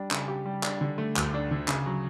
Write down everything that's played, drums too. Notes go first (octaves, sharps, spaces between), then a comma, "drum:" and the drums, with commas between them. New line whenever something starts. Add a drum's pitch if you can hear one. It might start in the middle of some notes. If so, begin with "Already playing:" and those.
Already playing: G3 D4
C#3, drum: clap
G4
G3
D4, drum: clap
D3
A3
D2, drum: clap
D4
D3
C#3, drum: clap
F#3